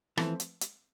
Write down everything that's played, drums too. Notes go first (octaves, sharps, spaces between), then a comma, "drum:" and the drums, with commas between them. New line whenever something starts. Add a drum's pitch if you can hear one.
E3 F3 A3 C4, drum: rim click
drum: hi-hat
drum: hi-hat